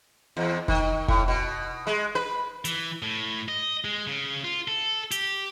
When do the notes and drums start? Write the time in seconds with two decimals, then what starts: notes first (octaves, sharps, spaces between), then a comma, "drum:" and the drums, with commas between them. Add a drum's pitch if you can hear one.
0.37 E2
0.68 D#3, drum: kick F1
1.08 A2, drum: kick F1
1.28 B2
1.87 G#3
2.15 B4
2.65 E3, drum: hi-hat
3.02 A2
3.48 D#5
3.85 G#3
4.07 C#3
4.44 F4
4.68 A4
5.11 G4, drum: hi-hat